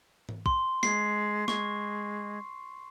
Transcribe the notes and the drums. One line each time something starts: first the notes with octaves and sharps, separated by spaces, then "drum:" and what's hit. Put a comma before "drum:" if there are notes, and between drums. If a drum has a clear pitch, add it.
drum: tom G#2
C6, drum: kick
G#3 C7, drum: snare
G#3 C#6, drum: snare